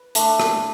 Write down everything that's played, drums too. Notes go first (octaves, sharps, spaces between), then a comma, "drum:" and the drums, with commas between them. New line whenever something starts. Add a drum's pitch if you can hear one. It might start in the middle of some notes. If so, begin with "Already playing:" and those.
Already playing: B4
A3 D4, drum: hi-hat
drum: rim click